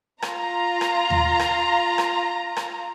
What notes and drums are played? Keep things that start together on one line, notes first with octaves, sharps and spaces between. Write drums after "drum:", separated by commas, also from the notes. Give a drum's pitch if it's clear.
F4 A#5, drum: rim click
drum: rim click
drum: tom D#2
drum: rim click
drum: rim click
drum: rim click